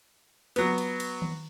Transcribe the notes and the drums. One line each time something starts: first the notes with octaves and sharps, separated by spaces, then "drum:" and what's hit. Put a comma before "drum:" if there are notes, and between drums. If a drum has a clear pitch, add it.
F#3 B3, drum: cymbal
drum: cymbal
drum: cymbal
drum: tom D#3